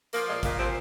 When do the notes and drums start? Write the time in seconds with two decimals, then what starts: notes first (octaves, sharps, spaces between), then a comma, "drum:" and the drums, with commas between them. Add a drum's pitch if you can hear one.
0.13 F3 A#3, drum: hi-hat
0.28 A#2 G#3
0.43 A#2 A#3, drum: kick G#1, hi-hat
0.59 F3 C4